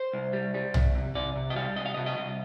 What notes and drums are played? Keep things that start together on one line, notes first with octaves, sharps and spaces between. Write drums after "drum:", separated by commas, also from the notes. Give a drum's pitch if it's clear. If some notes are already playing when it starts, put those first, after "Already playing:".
Already playing: C5
C2
G3
G3
C2, drum: tom
C3
C3 D5
C3
D#5
G3 F5
C2 D#5
F5
C3 D#5
D#5
C2